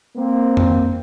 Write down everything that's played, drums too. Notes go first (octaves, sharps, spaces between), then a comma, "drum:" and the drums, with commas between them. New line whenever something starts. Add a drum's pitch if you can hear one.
A#3 C4
drum: tom F2